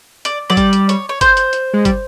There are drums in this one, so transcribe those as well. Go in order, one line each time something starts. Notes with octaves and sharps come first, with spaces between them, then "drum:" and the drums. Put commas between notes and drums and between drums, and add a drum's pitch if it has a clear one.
D5, drum: hi-hat
F#3 D5
G3, drum: kick, hi-hat
drum: hi-hat
C#5, drum: hi-hat
C#5
C5, drum: kick, hi-hat
drum: hi-hat
drum: hi-hat
G#3
G3, drum: kick, hi-hat